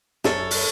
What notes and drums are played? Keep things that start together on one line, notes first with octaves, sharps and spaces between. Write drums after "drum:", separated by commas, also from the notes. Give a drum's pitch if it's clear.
F#2 A4 C#5, drum: snare
drum: open hi-hat